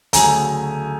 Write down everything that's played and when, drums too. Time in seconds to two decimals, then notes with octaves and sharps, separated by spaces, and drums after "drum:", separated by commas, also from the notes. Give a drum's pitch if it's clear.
0.13 D2 C#3 F#3 A3 G#5 A#5, drum: hi-hat